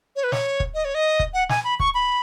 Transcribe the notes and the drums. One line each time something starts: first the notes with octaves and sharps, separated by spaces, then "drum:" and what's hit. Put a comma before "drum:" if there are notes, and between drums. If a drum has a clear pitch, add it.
C#5
B4
C#5, drum: snare
drum: kick
D#5
C#5
D#5
drum: kick
F#5
G#5, drum: snare
B5
C#6, drum: kick
B5